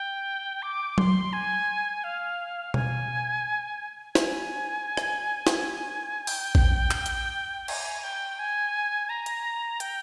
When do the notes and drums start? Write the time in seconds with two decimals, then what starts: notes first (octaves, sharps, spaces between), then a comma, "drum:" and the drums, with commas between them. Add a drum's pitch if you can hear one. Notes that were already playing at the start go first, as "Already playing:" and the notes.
Already playing: G5
0.63 D6
0.98 C6, drum: tom F#3
1.33 G#5
2.04 F5
2.74 G#5, drum: tom B2
4.15 G#5, drum: snare
4.97 drum: rim click
5.47 drum: snare
6.27 G5, drum: open hi-hat
6.55 drum: kick A1
6.91 drum: clap
7.06 drum: hi-hat
7.68 G#5, drum: cymbal
8.04 G5
8.39 G#5
9.09 A#5
9.26 drum: hi-hat
9.80 G5, drum: hi-hat